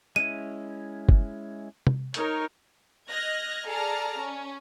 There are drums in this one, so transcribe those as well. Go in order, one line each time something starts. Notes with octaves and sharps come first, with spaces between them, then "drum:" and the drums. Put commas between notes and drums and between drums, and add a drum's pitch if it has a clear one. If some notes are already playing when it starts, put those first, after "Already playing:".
G#3 C#4 E4 D#7
drum: kick F#1
drum: tom
D#4 A#4 C#5, drum: hi-hat
D#5 F6 F#6 G#6 A#6
G#4 A4 D5 A5 A#5 F6
C#4